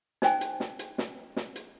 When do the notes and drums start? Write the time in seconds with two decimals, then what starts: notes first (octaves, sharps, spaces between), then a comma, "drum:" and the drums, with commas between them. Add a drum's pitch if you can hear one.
0.22 D#4 C5 G5 G#5, drum: snare
0.41 drum: hi-hat
0.60 drum: snare
0.79 drum: hi-hat
0.98 drum: snare
1.36 drum: snare
1.56 drum: hi-hat